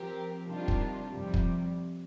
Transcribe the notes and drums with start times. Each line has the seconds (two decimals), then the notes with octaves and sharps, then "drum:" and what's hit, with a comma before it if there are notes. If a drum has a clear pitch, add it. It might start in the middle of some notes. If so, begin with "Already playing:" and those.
Already playing: F3 C4 G4 A#4
0.46 C3 D#3 G3 D4 F4
0.68 drum: kick
1.12 F2 C3 G3
1.34 drum: kick